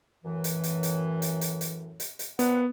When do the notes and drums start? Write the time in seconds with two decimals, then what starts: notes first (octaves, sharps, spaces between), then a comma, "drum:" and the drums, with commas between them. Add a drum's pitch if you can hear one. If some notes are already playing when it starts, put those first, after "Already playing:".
0.25 F#2 A2 E3
0.44 drum: hi-hat
0.64 drum: hi-hat
0.83 drum: hi-hat
1.22 drum: hi-hat
1.41 drum: hi-hat
1.61 drum: hi-hat
2.00 drum: hi-hat
2.19 drum: hi-hat
2.39 A#2 B3 C4 F#5, drum: hi-hat